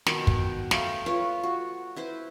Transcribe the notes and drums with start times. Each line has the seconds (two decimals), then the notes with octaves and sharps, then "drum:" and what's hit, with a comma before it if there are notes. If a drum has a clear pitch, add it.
0.06 B2 D#3 D6, drum: snare
0.27 G5, drum: kick
0.71 A3 F5 G5, drum: snare
1.06 F4 B4 C#5
1.43 F#4
1.96 E4 B4 C5